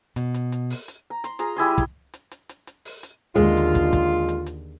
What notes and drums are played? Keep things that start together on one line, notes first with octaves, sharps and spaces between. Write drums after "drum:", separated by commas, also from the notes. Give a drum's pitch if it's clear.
B2, drum: hi-hat
drum: hi-hat
drum: hi-hat
drum: open hi-hat
drum: hi-hat
A#5
C6, drum: hi-hat
F4 G#4 A#5, drum: hi-hat
G3 E4 G#4 C6
drum: kick, hi-hat
drum: hi-hat
drum: hi-hat
drum: hi-hat
drum: hi-hat
drum: open hi-hat
drum: hi-hat
D#2 D3 G#3 F4
drum: hi-hat
drum: kick, hi-hat
drum: kick, hi-hat
drum: hi-hat
drum: hi-hat